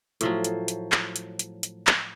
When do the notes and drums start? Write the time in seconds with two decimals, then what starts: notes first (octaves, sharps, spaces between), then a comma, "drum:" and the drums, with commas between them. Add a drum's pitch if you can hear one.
0.21 A2 F3 F#3, drum: hi-hat
0.44 drum: hi-hat
0.68 drum: hi-hat
0.92 drum: clap
1.16 drum: hi-hat
1.39 drum: hi-hat
1.63 drum: hi-hat
1.87 drum: clap